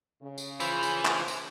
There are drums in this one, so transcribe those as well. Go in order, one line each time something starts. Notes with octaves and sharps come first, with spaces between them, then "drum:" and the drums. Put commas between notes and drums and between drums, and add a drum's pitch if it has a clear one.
C#3
drum: tambourine
E3 F4 C5, drum: tambourine
drum: tambourine
drum: clap
drum: tambourine